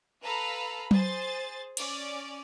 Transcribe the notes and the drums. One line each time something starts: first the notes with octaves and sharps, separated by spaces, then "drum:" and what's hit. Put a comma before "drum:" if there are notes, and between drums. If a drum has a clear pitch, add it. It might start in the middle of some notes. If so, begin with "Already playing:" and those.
A4 B4 F5 A#5 B5
G#4 C5 A6, drum: tom F#3
C#4 D5, drum: cymbal